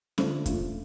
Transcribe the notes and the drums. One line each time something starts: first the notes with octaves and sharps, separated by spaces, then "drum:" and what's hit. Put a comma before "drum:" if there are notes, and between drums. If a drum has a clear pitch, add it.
D3 A3 D4 F4 C5, drum: snare
A#2 A3 D4 F4, drum: kick E2, hi-hat